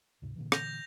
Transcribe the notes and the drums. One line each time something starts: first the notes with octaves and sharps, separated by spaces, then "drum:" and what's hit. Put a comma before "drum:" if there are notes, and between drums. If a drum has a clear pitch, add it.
D2 G#2 C3
A#2 D3 E3
G6 A#6 F7, drum: rim click